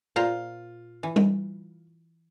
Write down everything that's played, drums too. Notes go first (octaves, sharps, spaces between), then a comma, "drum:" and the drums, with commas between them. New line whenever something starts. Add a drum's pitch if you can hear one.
A#2 F4 C5 A#5
E3
drum: tom G3